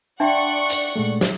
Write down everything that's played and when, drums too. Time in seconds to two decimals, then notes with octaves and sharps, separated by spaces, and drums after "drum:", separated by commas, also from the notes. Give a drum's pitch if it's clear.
0.20 D4 D5 E5 F#5 G5 A5 C6 C#6
0.70 drum: hi-hat
0.96 A#2 G#3 A3
1.21 drum: snare